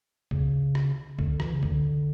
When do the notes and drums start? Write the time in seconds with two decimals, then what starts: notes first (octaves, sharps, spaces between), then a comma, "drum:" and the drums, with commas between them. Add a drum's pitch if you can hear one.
0.31 C#3, drum: kick
0.75 drum: rim click
1.19 D3, drum: kick
1.40 E3, drum: rim click
1.54 C#3
1.63 D3, drum: kick